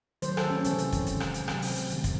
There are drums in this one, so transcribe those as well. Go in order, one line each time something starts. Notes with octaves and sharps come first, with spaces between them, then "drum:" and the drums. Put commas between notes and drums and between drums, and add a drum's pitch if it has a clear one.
D#3 F#3 A3 C5, drum: hi-hat
A4, drum: rim click
C#4
C3 E3 G#3 C4, drum: hi-hat
drum: hi-hat
drum: kick, hi-hat
C3 D#3 G#3, drum: hi-hat
drum: rim click
drum: hi-hat
C3 F#3 A3 C4, drum: rim click
drum: open hi-hat
drum: hi-hat
C3 D#3 A3, drum: hi-hat
drum: kick, hi-hat